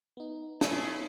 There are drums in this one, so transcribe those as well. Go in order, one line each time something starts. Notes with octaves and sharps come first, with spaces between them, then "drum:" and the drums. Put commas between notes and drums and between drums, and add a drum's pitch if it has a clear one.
B3 D#4
A3 C#4 E4 F4 G#4, drum: snare